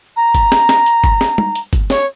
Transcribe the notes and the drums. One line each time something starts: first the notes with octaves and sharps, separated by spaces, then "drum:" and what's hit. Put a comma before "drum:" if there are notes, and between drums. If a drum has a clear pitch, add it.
A#5
drum: kick G1, hi-hat
drum: snare
drum: snare
drum: hi-hat
drum: kick G1, hi-hat
drum: snare
drum: tom
drum: hi-hat
drum: kick G1, hi-hat
C#5, drum: snare